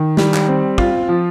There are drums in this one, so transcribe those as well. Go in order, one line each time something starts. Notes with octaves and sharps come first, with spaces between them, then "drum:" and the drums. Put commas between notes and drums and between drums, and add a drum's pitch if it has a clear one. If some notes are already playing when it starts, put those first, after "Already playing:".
Already playing: D#3
G3, drum: snare
drum: clap
C4
F4, drum: kick
F3